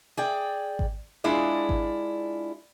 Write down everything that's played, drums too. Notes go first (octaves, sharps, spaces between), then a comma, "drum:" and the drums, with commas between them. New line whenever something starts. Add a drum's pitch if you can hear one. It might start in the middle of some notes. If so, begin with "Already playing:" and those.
G#4 D5 G5
drum: kick G#1
G#3 D4 E4 F4 G#4 D5
drum: kick G#1